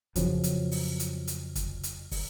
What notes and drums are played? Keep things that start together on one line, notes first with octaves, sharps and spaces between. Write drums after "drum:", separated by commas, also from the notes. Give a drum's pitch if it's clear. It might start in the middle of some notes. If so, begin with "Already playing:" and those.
F2 C#3 F3 F#3, drum: kick, hi-hat
drum: hi-hat
drum: open hi-hat
drum: hi-hat
drum: hi-hat
drum: kick, hi-hat
drum: hi-hat
drum: kick, open hi-hat